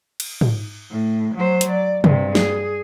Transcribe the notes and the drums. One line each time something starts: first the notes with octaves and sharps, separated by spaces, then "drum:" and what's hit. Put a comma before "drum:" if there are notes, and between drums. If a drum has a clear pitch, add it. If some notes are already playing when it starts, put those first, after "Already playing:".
drum: cymbal
drum: tom
A2
F#3 C5
drum: hi-hat
D5
G2 C3, drum: tom
G#4, drum: snare